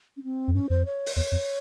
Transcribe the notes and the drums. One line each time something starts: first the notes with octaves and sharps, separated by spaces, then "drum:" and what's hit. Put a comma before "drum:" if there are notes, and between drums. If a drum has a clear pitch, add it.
C#4
C4
F2
G2 C#4
F2 C5
C#5
drum: open hi-hat
E2 C#5
F2